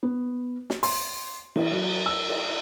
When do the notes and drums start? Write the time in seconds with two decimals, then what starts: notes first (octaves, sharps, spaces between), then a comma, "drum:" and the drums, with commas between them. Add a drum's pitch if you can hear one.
0.03 B3
0.70 drum: snare
0.83 C6, drum: open hi-hat
1.56 E3, drum: cymbal
1.71 F#3
2.06 E6
2.28 drum: cymbal